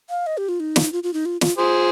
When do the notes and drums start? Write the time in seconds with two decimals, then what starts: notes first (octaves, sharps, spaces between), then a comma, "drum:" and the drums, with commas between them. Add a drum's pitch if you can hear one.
0.10 F5
0.27 D#5
0.38 G4
0.49 F4
0.60 D#4
0.76 drum: snare
0.93 F4
1.03 F4
1.14 D#4
1.25 F4
1.41 F4, drum: snare
1.57 F4 G#4 C5